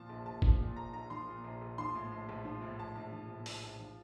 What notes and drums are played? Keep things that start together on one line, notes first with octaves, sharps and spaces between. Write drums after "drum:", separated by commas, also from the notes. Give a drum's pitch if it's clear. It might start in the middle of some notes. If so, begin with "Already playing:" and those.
Already playing: A#2 F3 A5
A#1
A#1 A5
F3, drum: kick
A#2
A#1 A#5
A#1 A#5
F3 C6
A#2
A#1
A#1
F3 C6
A2
A#1
A#1
F3
A2
A#1 A5
A#1
F3
A2
A#1, drum: open hi-hat
A#1
F3